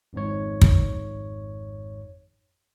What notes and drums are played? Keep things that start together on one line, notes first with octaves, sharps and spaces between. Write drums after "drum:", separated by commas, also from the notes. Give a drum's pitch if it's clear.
G#1 F2 G#2 C#5
drum: kick